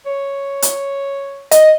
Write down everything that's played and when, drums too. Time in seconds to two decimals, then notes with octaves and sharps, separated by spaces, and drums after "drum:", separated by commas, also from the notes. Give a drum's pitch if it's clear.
0.06 C#5
0.62 drum: hi-hat
1.51 D#5, drum: hi-hat